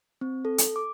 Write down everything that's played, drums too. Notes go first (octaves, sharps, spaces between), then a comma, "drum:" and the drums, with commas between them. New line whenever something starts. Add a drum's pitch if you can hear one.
C4
A4
drum: hi-hat
D6